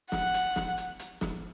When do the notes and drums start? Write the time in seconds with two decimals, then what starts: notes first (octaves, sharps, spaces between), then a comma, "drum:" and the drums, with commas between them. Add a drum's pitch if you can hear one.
0.12 F#5, drum: snare
0.34 drum: hi-hat
0.56 drum: snare
0.78 drum: hi-hat
0.99 drum: hi-hat
1.21 drum: snare